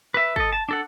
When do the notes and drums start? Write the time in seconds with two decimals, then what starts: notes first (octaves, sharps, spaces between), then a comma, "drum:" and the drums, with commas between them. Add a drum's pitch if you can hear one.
0.14 B4 E5
0.36 A4 D#5, drum: kick
0.53 A5
0.69 D4 A4 F#5